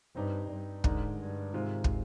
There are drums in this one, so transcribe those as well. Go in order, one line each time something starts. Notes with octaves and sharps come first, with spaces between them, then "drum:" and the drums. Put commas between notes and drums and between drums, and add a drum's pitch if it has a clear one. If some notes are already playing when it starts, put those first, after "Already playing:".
G2 C4 D#4 G4 D5
G2
G#2 D3 G#3 D#4 A#4 D5, drum: kick
G2
G#2 C3 D#3 G#3 C4 F4
drum: kick